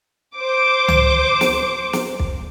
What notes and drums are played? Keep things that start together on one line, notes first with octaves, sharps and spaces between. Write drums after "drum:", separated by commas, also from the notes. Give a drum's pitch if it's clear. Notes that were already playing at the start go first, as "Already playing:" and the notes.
C5 D6
drum: tom C#2
drum: snare
drum: snare
drum: kick